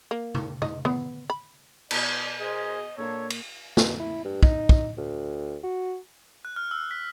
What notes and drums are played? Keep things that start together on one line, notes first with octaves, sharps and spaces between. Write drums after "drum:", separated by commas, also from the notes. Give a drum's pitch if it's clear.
A#3
drum: tom C3
D#5, drum: tom C3
B3, drum: tom D#3
B5
B2 E4 D5 D#6 G#6, drum: cymbal
G#4 A#4 C5 D#5 G#6
A#2 A#3 D4 A4 C#5 G#6
drum: cymbal
B2, drum: snare
E4
G2
D#4, drum: kick
drum: kick
D2
F#4
F#6
F6
E6
B6